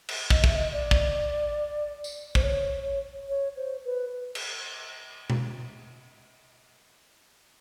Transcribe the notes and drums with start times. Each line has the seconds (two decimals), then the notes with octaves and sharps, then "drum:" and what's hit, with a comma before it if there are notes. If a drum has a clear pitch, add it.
0.09 drum: cymbal
0.30 D#5, drum: kick
0.44 E5, drum: kick
0.56 D#5
0.73 D5
0.91 drum: kick
2.04 drum: tambourine
2.35 C5, drum: kick
2.43 C#5
3.29 C#5
3.56 C5
3.85 B4
4.35 drum: cymbal
5.30 drum: tom B2